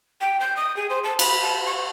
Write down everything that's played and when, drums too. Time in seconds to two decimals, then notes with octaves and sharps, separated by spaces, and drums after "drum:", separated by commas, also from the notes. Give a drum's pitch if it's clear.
0.21 G5
0.40 G6
0.56 D#6
0.77 G#4
0.90 C5
1.04 A5
1.19 B5, drum: cymbal
1.43 A5
1.66 C#6